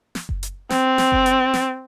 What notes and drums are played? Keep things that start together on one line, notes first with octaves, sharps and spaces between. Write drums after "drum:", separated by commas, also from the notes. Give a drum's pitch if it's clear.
drum: snare
drum: kick F#1
drum: hi-hat
C4, drum: snare
drum: snare
drum: kick F#1
drum: hi-hat
drum: snare